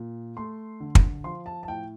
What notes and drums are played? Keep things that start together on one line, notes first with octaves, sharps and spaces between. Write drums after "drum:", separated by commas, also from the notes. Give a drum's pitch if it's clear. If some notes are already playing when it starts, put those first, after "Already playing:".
Already playing: A#2
A3 C6
D3
drum: kick
F3 C6
A5
A5
A2 G5